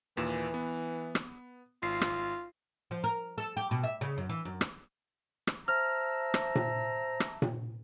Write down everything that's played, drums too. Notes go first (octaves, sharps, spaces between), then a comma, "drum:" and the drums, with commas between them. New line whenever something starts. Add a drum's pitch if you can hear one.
D#2 A#2 E3 E7
B3
drum: rim click
G#1 F4 C7
drum: rim click
F3
A#4
A4
G4
B2
E5
C#3
F#2
E3
F#2
drum: rim click
drum: rim click
C5 E5 A5 A#5 E6 F6
drum: rim click
drum: tom A#2
drum: rim click
drum: tom A#2